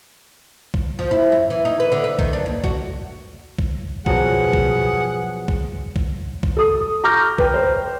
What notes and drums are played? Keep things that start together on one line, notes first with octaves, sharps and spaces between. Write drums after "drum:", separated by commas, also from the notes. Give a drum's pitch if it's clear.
drum: kick
F3
E4
F#2
E3
D#4
B4
D3
B4
D#3, drum: kick
D4
D#2
F#4, drum: kick
drum: kick
B2 F3 F#3 G#4 F#5, drum: kick
drum: kick
drum: kick
drum: kick
drum: kick
A4 D#6
A#5 C#6 D6 F6 G6 A#6
B4 G5, drum: kick
C5